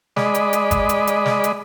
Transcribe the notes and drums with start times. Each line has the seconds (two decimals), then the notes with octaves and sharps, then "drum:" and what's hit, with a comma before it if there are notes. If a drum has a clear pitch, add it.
0.16 G#3 D5 D#5 B5, drum: snare
0.35 drum: hi-hat
0.53 drum: hi-hat
0.71 drum: kick G1, hi-hat
0.89 drum: hi-hat
1.07 drum: hi-hat
1.26 drum: snare
1.44 drum: hi-hat